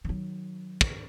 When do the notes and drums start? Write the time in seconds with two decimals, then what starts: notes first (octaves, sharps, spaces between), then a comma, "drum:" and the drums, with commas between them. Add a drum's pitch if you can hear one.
0.05 D#3 F#3
0.81 drum: kick